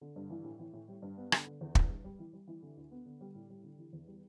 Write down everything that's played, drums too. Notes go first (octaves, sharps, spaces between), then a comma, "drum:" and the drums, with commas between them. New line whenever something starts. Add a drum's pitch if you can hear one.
D3
G2
E3
A2
E3
A2
G3
G2
B3
D3, drum: rim click
D3
E2
E3, drum: kick
G2
G3
E3
G3
E3
D3
D2
B3
D3
G3
A2
G3
D3
E3
E2
G3